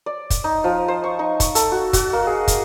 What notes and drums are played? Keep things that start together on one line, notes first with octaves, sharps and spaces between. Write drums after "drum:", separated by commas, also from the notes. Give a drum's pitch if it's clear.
D5
drum: kick, hi-hat
D#4
F3
C5
C#6
D#4
C#6, drum: kick, hi-hat
A4, drum: hi-hat
F#4
F#4, drum: kick, hi-hat
A#3
G#4
drum: kick, hi-hat